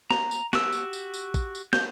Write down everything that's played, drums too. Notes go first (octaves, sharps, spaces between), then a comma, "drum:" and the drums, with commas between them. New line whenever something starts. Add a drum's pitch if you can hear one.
A#5, drum: snare
drum: tambourine
F#4 G4 E6, drum: snare
drum: tambourine
drum: tambourine
drum: tambourine
drum: kick, tambourine
drum: tambourine
G6, drum: snare